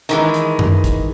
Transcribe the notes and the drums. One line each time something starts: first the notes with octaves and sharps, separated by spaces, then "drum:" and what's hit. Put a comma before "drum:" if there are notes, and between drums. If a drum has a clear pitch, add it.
D#3 E3 G#3, drum: hi-hat
drum: hi-hat
drum: tom F#2
drum: kick, hi-hat